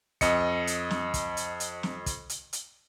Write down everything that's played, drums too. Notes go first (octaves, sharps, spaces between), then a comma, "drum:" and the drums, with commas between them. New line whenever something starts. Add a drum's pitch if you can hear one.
F2 D#5 C#7, drum: kick, hi-hat
drum: hi-hat
drum: snare
drum: kick, hi-hat
drum: hi-hat
drum: hi-hat
drum: snare
drum: kick, hi-hat
drum: hi-hat
drum: hi-hat